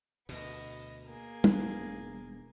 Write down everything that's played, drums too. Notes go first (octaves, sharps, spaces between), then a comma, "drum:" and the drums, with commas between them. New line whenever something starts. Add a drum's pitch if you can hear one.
D2 B2 B3 D#5, drum: open hi-hat
A#3 G#4
E1 B3 D4, drum: tom